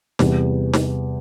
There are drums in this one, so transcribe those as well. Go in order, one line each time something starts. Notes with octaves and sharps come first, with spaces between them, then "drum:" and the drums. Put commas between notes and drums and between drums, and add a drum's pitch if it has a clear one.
E2 C3 G3, drum: snare
drum: snare